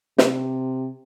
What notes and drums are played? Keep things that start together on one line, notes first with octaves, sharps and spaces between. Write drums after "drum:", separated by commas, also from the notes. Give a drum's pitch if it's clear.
C3, drum: snare